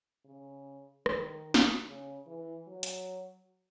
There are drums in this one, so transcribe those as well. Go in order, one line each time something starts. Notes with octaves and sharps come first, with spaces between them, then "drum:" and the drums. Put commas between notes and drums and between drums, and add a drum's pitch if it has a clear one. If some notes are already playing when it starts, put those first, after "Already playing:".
C#3
D#3, drum: rim click
drum: snare
C#3
E3
F#3
drum: hi-hat